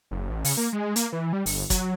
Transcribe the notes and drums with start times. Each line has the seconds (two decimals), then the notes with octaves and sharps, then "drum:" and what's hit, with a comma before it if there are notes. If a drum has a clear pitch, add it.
0.11 F#1
0.30 A1
0.45 C#3, drum: open hi-hat
0.57 A#3
0.73 G#3
0.96 A#3, drum: hi-hat
1.13 E3
1.33 G3
1.46 G1, drum: open hi-hat
1.70 F#3, drum: kick, hi-hat